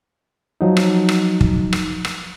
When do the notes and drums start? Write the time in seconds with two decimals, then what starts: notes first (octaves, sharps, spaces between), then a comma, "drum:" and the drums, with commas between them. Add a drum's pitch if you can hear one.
0.61 F3 F#3 D#4
0.77 drum: rim click
1.09 drum: rim click
1.41 drum: kick
1.73 drum: rim click
2.05 drum: rim click